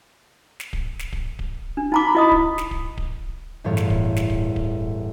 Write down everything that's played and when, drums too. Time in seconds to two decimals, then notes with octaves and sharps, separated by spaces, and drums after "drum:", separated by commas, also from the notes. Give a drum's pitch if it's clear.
0.60 drum: snare
0.73 drum: kick D1
0.99 drum: snare
1.13 drum: kick D1
1.39 drum: kick D1
1.77 D4
1.92 D#4 A#5 B5 D6
2.15 E4 D#5 D#6
2.31 drum: kick D1
2.58 drum: snare
2.71 drum: kick D1
2.98 drum: kick D1
3.64 G1 E2 A2 C#5 F5 A5
3.77 drum: snare
3.90 drum: kick D1
4.16 drum: snare
4.30 drum: kick D1
4.56 drum: kick D1